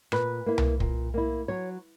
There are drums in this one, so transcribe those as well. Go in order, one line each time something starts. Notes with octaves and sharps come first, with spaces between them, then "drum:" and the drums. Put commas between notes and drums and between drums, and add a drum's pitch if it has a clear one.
A#2 B4, drum: rim click
A#3 E4
drum: tom C2
A#2, drum: kick
A#3 E4
F#3 C#5